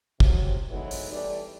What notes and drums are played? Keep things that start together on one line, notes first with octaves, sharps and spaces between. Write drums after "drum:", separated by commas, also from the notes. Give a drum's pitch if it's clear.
C3 F#3, drum: kick
E3 F#3 G#3 A3 B3 D#4
drum: open hi-hat
E3 G3 A3 D5